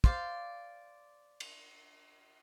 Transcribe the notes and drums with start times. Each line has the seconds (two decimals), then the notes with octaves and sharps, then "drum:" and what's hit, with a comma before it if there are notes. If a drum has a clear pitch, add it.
0.04 C5 D5 F5, drum: kick
1.40 drum: cymbal